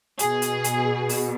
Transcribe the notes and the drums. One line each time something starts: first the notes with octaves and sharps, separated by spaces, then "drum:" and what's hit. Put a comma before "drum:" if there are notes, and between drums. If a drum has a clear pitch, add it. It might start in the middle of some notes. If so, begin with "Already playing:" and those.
B2 G#4, drum: hi-hat
drum: hi-hat
drum: hi-hat
drum: open hi-hat